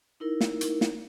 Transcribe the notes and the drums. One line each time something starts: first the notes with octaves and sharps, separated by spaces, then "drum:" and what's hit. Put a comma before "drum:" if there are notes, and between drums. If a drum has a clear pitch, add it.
D#4 E4 A#4
drum: snare
drum: hi-hat
drum: snare